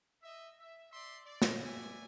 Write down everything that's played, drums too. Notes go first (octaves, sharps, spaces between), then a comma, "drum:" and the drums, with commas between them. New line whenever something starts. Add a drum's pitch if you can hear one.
D#5 E5
E5
D5 E5 C6
D5
drum: snare
D5 E5 G#5